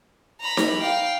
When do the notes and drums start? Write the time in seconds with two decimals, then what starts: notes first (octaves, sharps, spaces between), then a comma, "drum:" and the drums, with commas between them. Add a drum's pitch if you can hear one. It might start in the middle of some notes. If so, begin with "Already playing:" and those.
0.41 A#5 B5
0.57 drum: snare D#4
0.79 F5 G5